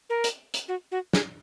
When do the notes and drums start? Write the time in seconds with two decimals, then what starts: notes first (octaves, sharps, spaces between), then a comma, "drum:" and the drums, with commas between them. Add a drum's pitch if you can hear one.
0.10 A#4
0.24 drum: hi-hat
0.54 drum: hi-hat
0.68 F#4
0.92 F#4
1.13 G#4, drum: snare